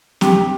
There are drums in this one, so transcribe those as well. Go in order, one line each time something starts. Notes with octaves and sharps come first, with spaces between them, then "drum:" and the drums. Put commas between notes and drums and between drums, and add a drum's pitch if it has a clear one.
G4, drum: snare C4